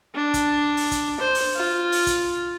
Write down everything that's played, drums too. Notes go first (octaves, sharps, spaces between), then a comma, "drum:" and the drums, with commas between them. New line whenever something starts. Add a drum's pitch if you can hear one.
D4
drum: kick, hi-hat
drum: open hi-hat
drum: kick, hi-hat
C5
drum: open hi-hat
F4
drum: open hi-hat
drum: kick, hi-hat